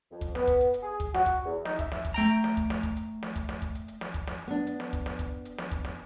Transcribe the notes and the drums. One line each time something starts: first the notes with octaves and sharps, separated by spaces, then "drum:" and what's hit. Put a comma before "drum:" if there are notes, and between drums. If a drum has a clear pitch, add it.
F2
drum: kick, hi-hat
B3, drum: snare
drum: kick, hi-hat
drum: hi-hat
drum: hi-hat
G#4
drum: kick, hi-hat
F#4, drum: snare
drum: kick, hi-hat
E2
D#4, drum: snare
E5, drum: kick, hi-hat
drum: snare
drum: kick, hi-hat
A3 G5 A#5
drum: hi-hat
drum: snare
drum: kick, hi-hat
drum: snare
drum: kick, hi-hat
drum: hi-hat
drum: snare
drum: kick, hi-hat
drum: snare
drum: kick, hi-hat
drum: hi-hat
drum: hi-hat
drum: snare
drum: kick, hi-hat
drum: snare
B3 D4
drum: hi-hat
drum: snare
drum: kick, hi-hat
drum: snare
drum: kick, hi-hat
drum: hi-hat
drum: snare
drum: kick, hi-hat
drum: snare